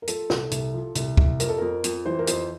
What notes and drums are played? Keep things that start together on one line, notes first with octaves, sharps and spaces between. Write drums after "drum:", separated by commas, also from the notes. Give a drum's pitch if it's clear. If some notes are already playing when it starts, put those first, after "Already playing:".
A#4
F3 A4, drum: hi-hat
C2, drum: snare
C2, drum: hi-hat
F3
C2, drum: hi-hat
C2, drum: kick
F2 A#4, drum: hi-hat
A4
F2 A#4
F2, drum: hi-hat
E3 C5
A#4
F2 C5, drum: hi-hat